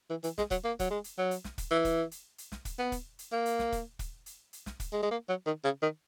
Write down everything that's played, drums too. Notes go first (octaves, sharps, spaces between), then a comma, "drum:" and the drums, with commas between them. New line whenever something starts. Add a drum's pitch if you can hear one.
E3
E3, drum: hi-hat
G#3, drum: snare
F#3, drum: kick, hi-hat
A#3
F#3, drum: kick, hi-hat
G#3
drum: hi-hat
F#3
drum: hi-hat
drum: snare
drum: kick, hi-hat
E3
drum: kick, hi-hat
drum: hi-hat
drum: hi-hat
drum: snare
drum: kick, hi-hat
B3
drum: kick, hi-hat
drum: hi-hat
A#3
drum: hi-hat
drum: snare
drum: kick, hi-hat
drum: kick, hi-hat
drum: hi-hat
drum: hi-hat
drum: snare
drum: kick, hi-hat
G#3
G#3
A#3
F#3
D#3
C#3
D#3